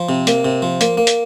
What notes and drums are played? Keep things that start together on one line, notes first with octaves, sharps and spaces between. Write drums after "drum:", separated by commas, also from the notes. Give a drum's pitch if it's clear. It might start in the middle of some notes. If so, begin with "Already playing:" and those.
Already playing: F3
C3
A#3, drum: hi-hat
C3
F3
A#3, drum: hi-hat
A#3
drum: hi-hat